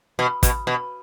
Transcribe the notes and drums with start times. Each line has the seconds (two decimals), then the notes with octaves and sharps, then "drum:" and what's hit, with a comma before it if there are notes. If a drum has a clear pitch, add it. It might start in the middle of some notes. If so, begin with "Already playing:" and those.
0.19 B2
0.43 B2, drum: kick, hi-hat
0.67 B2